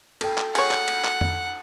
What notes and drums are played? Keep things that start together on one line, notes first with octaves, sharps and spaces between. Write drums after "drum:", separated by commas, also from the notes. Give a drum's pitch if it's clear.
A4 G5, drum: cymbal
drum: clap
G#4 C#5 F#5, drum: cymbal
drum: clap
drum: cymbal
drum: clap
drum: tom F2